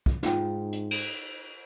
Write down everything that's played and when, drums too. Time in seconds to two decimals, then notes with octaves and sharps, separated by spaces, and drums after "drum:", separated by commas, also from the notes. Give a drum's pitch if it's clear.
0.06 drum: kick
0.23 G#2 D#4 F4 G5, drum: snare
0.73 drum: hi-hat
0.91 drum: cymbal